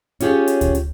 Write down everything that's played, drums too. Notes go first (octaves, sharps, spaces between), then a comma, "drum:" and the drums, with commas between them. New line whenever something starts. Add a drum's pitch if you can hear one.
C#4 F4 G4 G#4 C#5, drum: hi-hat
drum: hi-hat
drum: kick D2, hi-hat
drum: hi-hat